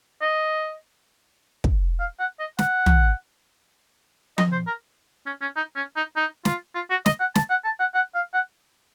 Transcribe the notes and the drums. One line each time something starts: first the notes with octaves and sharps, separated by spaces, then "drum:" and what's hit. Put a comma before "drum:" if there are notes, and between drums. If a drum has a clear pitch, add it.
D#5
drum: kick
F5
F#5
D#5
F#5, drum: snare
drum: tom
D#5, drum: tom F3
C5
A#4
C#4
C#4
D#4
C#4
D#4
D#4
F4, drum: snare
F4
F#4
D#5, drum: snare
F#5
A5, drum: snare
F#5
A5
F#5
F#5
F5
F#5